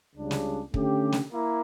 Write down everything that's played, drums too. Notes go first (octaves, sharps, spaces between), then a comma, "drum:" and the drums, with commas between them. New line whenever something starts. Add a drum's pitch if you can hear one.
C#2 C#3 G3 D4
drum: snare
D3 A3 C#4 G4, drum: kick
drum: snare
A#3 E4